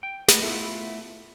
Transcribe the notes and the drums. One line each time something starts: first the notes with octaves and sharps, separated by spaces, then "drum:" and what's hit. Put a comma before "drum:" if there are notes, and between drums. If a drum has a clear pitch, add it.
G5
A3 B4 D#5 F#5, drum: snare
A3 B3 E4 F4 A4